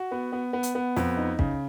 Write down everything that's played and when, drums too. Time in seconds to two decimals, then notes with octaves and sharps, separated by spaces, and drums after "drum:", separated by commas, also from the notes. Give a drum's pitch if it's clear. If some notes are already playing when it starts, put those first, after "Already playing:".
Already playing: F#4
0.11 B3
0.32 B3
0.53 B3
0.63 drum: hi-hat
0.75 B3
0.96 F2, drum: snare
1.17 D#4
1.39 C#3, drum: kick